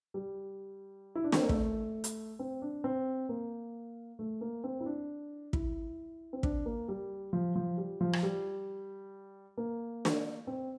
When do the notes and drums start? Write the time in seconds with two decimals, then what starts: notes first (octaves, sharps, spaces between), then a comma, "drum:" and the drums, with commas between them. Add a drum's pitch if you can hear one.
0.14 G3
1.15 E4
1.24 D4
1.32 C4, drum: snare
1.41 A#3
1.49 A3, drum: kick
2.04 drum: hi-hat
2.39 C4
2.62 D4
2.84 C4
3.29 A#3
4.19 A3
4.41 A#3
4.64 C4
4.80 E4
4.86 D4
5.53 E4, drum: kick
6.33 C4
6.43 D4, drum: kick
6.66 A#3
6.88 G3
7.33 F3
7.55 F3
7.78 G3
8.01 F3
8.13 drum: rim click
8.23 G3
9.57 A#3
10.05 drum: snare
10.47 C4